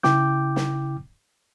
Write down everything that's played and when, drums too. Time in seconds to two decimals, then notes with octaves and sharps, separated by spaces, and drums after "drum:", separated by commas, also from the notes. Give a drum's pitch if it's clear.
0.03 C#3 E4 G5 D6 G6, drum: snare
0.56 drum: snare